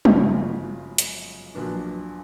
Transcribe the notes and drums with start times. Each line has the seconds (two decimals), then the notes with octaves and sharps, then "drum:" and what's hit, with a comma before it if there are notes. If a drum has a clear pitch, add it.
0.05 G1 F#2 C#3 F3 G#3, drum: tom
0.98 drum: hi-hat
1.55 A#1 A#2 F#3 B3 D4